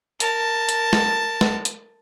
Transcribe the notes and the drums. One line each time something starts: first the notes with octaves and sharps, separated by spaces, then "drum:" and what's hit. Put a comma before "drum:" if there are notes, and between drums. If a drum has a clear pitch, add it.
A#4 A5, drum: hi-hat
drum: hi-hat
drum: snare
drum: snare
drum: hi-hat